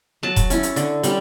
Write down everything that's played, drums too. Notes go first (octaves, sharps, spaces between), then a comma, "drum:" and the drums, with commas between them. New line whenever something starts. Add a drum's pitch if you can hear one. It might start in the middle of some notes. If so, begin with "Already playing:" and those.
F#3 A5
drum: kick E1, hi-hat
C#4 E4, drum: hi-hat
drum: hi-hat
D3, drum: hi-hat
G3 C#4, drum: hi-hat